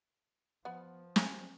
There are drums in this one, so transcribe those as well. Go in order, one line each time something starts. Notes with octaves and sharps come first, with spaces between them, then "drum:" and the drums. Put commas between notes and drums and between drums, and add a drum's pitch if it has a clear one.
F3 B3 F#5 B5
G#4 G5, drum: snare